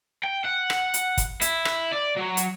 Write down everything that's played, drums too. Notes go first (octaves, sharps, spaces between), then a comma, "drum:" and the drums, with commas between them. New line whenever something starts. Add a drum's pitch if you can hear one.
G5
F#5
drum: rim click
drum: hi-hat
drum: kick, hi-hat
E4, drum: hi-hat
drum: rim click
D5
F#3
drum: hi-hat